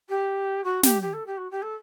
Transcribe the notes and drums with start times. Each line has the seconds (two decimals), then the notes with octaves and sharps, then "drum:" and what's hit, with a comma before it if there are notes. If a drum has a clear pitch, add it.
0.09 G4
0.64 F#4
0.83 G4, drum: snare
1.02 G4
1.13 A4
1.26 G4
1.37 F#4
1.51 G4
1.62 A4